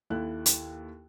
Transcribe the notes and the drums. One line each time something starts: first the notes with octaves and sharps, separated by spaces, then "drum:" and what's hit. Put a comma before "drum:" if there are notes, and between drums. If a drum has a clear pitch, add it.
D#2 E4 A4 F#6
drum: hi-hat